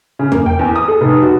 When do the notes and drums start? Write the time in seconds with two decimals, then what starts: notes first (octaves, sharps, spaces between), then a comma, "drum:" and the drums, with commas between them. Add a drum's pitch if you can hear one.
0.19 C#3
0.32 A#3, drum: tom
0.46 G5
0.59 E2
0.76 D#6
0.88 A4
1.01 F1
1.22 F#4